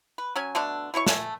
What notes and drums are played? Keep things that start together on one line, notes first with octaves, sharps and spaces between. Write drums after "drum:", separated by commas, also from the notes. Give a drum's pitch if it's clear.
B4
F#3 C#4 G#5
B2 D3 A3 D4
B2 E4 C#5 C#6
A3 G#5, drum: snare